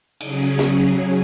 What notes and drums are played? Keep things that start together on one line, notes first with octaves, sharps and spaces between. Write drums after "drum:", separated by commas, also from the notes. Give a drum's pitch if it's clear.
C#3 F#3 C#4 G#4, drum: cymbal
drum: snare